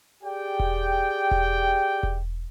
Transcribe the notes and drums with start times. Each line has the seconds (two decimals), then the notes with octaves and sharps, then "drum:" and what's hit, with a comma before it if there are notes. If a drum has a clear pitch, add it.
0.24 G4 G#4 D5 G5
0.60 drum: kick E1
1.31 drum: kick E1
2.03 drum: kick E1